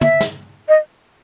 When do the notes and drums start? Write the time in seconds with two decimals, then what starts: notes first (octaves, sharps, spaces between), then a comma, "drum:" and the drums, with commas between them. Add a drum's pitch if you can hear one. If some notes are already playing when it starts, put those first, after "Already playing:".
0.01 E5, drum: tom
0.21 drum: snare
0.68 D#5